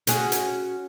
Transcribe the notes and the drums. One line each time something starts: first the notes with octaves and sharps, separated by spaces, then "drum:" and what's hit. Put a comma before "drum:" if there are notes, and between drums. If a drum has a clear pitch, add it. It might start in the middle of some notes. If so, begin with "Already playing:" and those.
C#4 F#4 G#4, drum: hi-hat
drum: hi-hat